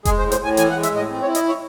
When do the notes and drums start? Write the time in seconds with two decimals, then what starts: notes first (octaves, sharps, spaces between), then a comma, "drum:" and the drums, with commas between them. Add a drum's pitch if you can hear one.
0.05 G#3 G#4, drum: kick F1, hi-hat
0.19 C5
0.23 A2
0.32 C5, drum: hi-hat
0.40 A2 G#5
0.57 E3 G#5, drum: hi-hat
0.71 F#5
0.75 G#3
0.83 E5, drum: hi-hat
0.92 A2 D#5
1.09 C4
1.22 C#5
1.26 E4
1.35 D#5, drum: hi-hat
1.49 C#5